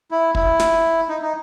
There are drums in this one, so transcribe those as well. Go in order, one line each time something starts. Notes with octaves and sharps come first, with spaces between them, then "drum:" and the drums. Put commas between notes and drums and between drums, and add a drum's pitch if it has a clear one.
E4
E4, drum: kick
drum: snare
D#4
D#4